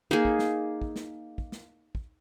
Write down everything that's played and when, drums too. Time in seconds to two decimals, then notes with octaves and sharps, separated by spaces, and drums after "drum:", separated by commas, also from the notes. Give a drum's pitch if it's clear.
0.11 A#3 D#4 G#4
0.25 drum: kick
0.39 drum: snare
0.82 drum: kick
0.96 drum: snare
1.38 drum: kick
1.52 drum: snare
1.95 drum: kick